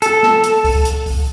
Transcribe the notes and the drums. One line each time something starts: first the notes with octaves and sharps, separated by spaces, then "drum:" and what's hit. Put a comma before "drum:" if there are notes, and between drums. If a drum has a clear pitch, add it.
A4, drum: hi-hat
drum: snare
drum: hi-hat
drum: kick C#2, open hi-hat
drum: hi-hat
drum: kick C#2, open hi-hat